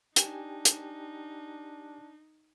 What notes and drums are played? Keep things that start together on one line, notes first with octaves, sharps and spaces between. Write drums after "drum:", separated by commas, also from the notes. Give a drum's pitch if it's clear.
D4 D#4 G4 G5 G#5, drum: hi-hat
drum: hi-hat